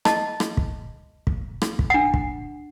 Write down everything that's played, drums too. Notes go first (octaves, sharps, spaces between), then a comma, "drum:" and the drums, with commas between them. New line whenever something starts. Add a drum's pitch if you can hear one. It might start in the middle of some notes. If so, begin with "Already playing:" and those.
D#5 A5, drum: rim click
drum: rim click
drum: kick
drum: kick
drum: rim click
drum: kick
D4 F#5
drum: kick